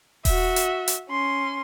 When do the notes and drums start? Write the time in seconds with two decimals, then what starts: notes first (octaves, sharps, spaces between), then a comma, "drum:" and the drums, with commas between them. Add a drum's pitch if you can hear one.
0.25 F#4 E5, drum: kick D#1, open hi-hat
0.56 drum: hi-hat
0.88 drum: hi-hat
1.10 C#4 C6